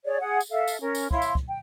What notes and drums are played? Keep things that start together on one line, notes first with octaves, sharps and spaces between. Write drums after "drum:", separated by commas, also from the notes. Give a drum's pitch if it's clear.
G#4 C#5 D5
G#4 F#5
drum: tambourine
A4 E5 F5
drum: tambourine
C#4 A#4
drum: tambourine
E4 C#5 F5 C6, drum: kick
drum: tambourine
drum: kick
G5